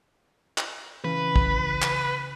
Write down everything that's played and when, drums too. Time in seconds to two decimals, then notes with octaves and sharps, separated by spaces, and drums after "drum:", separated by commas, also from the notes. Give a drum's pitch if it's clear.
0.58 drum: clap
1.04 C#3 E3 B4
1.36 drum: kick
1.82 drum: clap